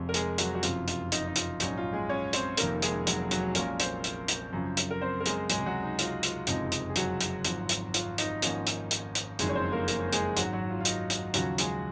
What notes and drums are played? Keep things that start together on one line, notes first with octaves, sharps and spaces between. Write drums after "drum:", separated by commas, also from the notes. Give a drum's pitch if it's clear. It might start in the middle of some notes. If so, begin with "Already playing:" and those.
Already playing: F1 F2 C3 F3 G#3
A#4
G#3 G#4, drum: hi-hat
F#3 F#4, drum: hi-hat
F#4
F#1 F2 C3 F4, drum: hi-hat
F4, drum: hi-hat
D#4, drum: hi-hat
D#4
F4, drum: hi-hat
A#1 G#2 F#3 C#4 D#4, drum: hi-hat
F4
G#3 G#4
C#4 C#5
C4 C5, drum: hi-hat
F1 F2 D#3 A#3 A#4, drum: hi-hat
G#3 G#4, drum: hi-hat
F#3 F#4, drum: hi-hat
F#3 F#4, drum: hi-hat
A#1 A#2 G#3 A#3 C#4 A#4, drum: hi-hat
C4 C5, drum: hi-hat
drum: hi-hat
drum: hi-hat
F#2 C#3 F3
drum: hi-hat
A#4
C4 C5
A#4
G#3 G#4, drum: hi-hat
C#2 C3 F#3 G#3 G#4, drum: hi-hat
F#3 F#4
D#4
F4, drum: hi-hat
F4, drum: hi-hat
F#1 F2 C3 F3 G#3 D#4, drum: hi-hat
drum: hi-hat
G#4
F#3 F#4, drum: hi-hat
drum: hi-hat
G#1 G#2 F3 C4, drum: hi-hat
drum: hi-hat
F4, drum: hi-hat
D#4, drum: hi-hat
G#1 G#2 F3 A#3 C#4, drum: hi-hat
drum: hi-hat
drum: hi-hat
drum: hi-hat
F#1 F2 D#3 F#3 G#3 G#4, drum: hi-hat
C#5
C4 C5
A#3 A#4
A#3 A#4, drum: hi-hat
G#3 G#4, drum: hi-hat
G#1 G#2 F#3 F#4, drum: hi-hat
F#3 F#4
F4
F4
D#4, drum: hi-hat
drum: hi-hat
D#2 C#3 F3 F#3 F#4, drum: hi-hat
G#3 G#4, drum: hi-hat